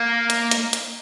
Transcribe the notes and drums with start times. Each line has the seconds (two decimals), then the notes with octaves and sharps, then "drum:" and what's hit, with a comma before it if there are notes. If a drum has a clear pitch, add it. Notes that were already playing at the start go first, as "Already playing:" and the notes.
Already playing: A#3
0.30 drum: hi-hat
0.51 drum: hi-hat
0.73 drum: hi-hat